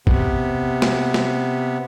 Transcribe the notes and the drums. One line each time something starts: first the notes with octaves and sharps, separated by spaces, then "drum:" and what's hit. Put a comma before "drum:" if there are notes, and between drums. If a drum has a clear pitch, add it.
C3 B3, drum: kick
drum: snare
drum: snare